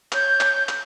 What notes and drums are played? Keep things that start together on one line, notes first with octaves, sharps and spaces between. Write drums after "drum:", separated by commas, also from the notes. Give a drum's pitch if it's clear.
C#5 G6, drum: clap
drum: clap
drum: clap